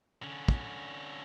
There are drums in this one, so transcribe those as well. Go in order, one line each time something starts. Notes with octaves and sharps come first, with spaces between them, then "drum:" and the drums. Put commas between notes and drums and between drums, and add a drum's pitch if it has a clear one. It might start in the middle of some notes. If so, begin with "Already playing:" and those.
D3 C#4
drum: kick